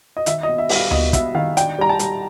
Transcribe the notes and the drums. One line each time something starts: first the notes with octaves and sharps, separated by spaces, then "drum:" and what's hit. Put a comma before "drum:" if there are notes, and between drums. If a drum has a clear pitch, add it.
D#5
D#3 E5, drum: hi-hat
D#5
B3
E5
G3, drum: open hi-hat
F5
B3 D#5, drum: tom D2
B3 E5, drum: kick, hi-hat
D#3 F5
D4 G5, drum: hi-hat
G3 A#5
A5
G3, drum: hi-hat